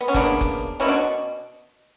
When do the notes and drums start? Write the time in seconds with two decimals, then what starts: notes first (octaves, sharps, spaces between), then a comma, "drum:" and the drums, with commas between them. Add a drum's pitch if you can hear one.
0.01 B3
0.08 C#4
0.14 C#3 E3 A#3 B3 D4, drum: kick F#1
0.41 drum: kick F#1
0.80 B2 A#3 C#4 E4
0.88 D4 F#4